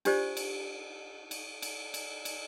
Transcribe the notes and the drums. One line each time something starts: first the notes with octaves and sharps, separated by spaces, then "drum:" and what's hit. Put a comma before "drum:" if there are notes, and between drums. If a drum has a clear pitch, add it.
D4 F4 G4 C5 D5, drum: cymbal
drum: cymbal
drum: cymbal
drum: cymbal
drum: cymbal
drum: cymbal